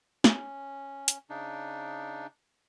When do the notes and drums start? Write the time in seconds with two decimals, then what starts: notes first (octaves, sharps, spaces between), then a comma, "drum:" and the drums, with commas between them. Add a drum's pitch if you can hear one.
0.24 C#4, drum: snare
1.08 drum: hi-hat
1.30 C#3 D4 D#4